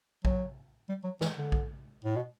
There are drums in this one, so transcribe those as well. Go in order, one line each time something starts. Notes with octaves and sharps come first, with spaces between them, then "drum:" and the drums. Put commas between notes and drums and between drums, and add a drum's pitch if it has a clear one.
F#3, drum: kick A#1
G3
F#3
E3, drum: snare
D3
drum: kick A#1
A2
B2